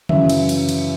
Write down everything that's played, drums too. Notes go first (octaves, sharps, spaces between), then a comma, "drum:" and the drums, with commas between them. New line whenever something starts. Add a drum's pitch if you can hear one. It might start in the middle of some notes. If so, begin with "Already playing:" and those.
F#2 C#3 E3 E5, drum: tom D3
drum: cymbal
drum: cymbal
drum: cymbal